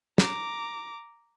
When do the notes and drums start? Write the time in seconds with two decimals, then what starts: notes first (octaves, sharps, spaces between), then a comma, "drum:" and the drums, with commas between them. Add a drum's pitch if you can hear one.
0.18 A#5 D6, drum: snare